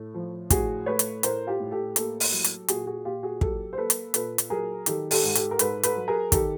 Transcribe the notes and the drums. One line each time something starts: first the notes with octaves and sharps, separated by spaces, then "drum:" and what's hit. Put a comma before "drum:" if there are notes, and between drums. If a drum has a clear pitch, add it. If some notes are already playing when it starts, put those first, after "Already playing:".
Already playing: A2 A3
F3
A2 F#4 G#4, drum: kick, hi-hat
A3 B4 C#5
drum: hi-hat
A2 A#4 C5, drum: hi-hat
F4 G4
A2
G4 A4
A#3 G4 A4, drum: hi-hat
drum: open hi-hat
F#3
drum: hi-hat
A#2 F#4 G#4, drum: hi-hat
F#4 G#4
A#2 F4 G4
F#4 G#4
F#3 G4 A4, drum: kick
C5
A#3 A4 B4
drum: hi-hat
A#2 A4 B4, drum: hi-hat
drum: hi-hat
F#3 G#4 A#4
D#3 G4 A4, drum: hi-hat
G4 A4, drum: open hi-hat
G#2
G4 A4, drum: hi-hat
A#4
G#2 A4 B4, drum: hi-hat
A4 B4, drum: hi-hat
F#3
G#4 A#4
D#3 G4 A4, drum: kick, hi-hat